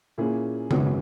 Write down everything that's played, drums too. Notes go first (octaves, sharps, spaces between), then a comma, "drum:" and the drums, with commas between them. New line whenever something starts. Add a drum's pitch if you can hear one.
A#2 A#3 C#4 E4 G#4
G#1 F#2 C#3 G#3 B3, drum: tom C#3